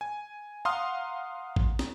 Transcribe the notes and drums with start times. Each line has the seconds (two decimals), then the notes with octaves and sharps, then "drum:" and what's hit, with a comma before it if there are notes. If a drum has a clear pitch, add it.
0.01 G#5
0.65 F5 F#5 A#5 C6 D#6 F6
1.56 drum: kick
1.79 drum: snare